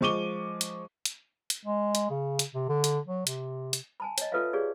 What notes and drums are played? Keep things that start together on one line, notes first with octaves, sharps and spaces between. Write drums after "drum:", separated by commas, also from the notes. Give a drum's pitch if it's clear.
F3 G#3 C#6 D6 D#7 G7
drum: hi-hat
drum: hi-hat
drum: hi-hat
G#3
drum: hi-hat
C#3
drum: hi-hat
C3
D3
drum: hi-hat
F#3
C3, drum: hi-hat
drum: hi-hat
G#5 A5 B5
C#5 D#5, drum: hi-hat
F4 A4 B4 C#5 E5 F5
G4 G#4 C#5 D5 F5